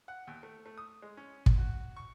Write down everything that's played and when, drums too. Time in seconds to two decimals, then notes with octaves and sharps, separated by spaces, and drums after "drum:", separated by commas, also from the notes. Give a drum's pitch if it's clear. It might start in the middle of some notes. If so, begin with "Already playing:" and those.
0.08 F#5
0.27 D#2
0.43 A3
0.66 A3
0.78 D#6
1.02 G#3
1.17 C#4
1.46 drum: kick
1.58 F#4
1.97 C#6